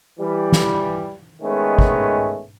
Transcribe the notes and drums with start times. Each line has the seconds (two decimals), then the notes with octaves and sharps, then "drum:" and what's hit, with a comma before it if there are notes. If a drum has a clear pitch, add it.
0.20 E3 G3
0.52 drum: snare
1.41 D#3 G#3 A3 B3 C#4
1.79 drum: kick